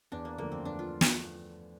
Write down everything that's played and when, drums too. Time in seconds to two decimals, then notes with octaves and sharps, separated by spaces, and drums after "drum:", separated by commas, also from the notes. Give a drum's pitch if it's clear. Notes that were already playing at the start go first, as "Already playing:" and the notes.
0.12 E2 D4
0.25 A#3
0.38 D3 F3 A3 A#3
0.52 C4
0.65 E2 D4
0.79 F4
1.01 drum: snare